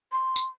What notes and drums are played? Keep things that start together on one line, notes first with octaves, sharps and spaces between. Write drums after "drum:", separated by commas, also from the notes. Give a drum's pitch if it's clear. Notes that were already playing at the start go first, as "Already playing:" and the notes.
C6
drum: tambourine